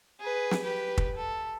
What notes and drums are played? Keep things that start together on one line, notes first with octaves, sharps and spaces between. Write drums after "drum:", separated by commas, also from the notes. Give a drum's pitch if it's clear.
G#4 B4
drum: snare
G4 B4
drum: kick
A4